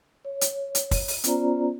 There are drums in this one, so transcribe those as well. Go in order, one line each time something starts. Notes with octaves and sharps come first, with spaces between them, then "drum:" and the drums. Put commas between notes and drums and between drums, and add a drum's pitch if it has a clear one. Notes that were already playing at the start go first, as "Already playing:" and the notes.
C#5
drum: hi-hat
drum: hi-hat
drum: kick, open hi-hat
drum: open hi-hat
B3 C#4 F4 C5 D5 A#5, drum: hi-hat